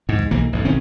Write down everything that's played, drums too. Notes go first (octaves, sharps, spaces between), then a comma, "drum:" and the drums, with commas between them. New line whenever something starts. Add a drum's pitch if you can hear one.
G#2
drum: kick
B1 E3 A#3
A1 G#2
B1 D#3 C4 C#4